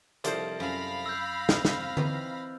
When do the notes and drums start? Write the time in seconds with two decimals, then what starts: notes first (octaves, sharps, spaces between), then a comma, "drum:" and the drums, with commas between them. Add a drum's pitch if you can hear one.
0.24 C2 F2 F3 D4 C5 A6 D7, drum: hi-hat
0.60 F#2 F5 A5 B5 A#6
1.06 E6 G6
1.49 C4 G5 F6, drum: snare
1.65 drum: snare
1.97 E3 C4 D#4, drum: tom D3